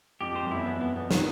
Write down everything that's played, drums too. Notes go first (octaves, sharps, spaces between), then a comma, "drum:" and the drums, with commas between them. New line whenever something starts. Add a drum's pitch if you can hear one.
F2 G4
F2
C5
F#2
E2 E4
F2 B3
E2 B3
F2 B3
D#3, drum: snare